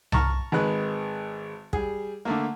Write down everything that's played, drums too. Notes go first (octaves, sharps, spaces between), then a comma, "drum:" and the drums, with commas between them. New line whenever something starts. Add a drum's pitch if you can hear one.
A5 A#5 C#6 F6, drum: tom C2
G#1 D#3 G#3 B4 F#6
G3 G#4, drum: kick
D3 A3 A#3